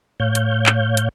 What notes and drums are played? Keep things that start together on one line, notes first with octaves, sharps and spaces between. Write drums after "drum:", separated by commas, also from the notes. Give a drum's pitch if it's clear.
A2 C#5 F5 G6
drum: hi-hat
drum: clap
drum: hi-hat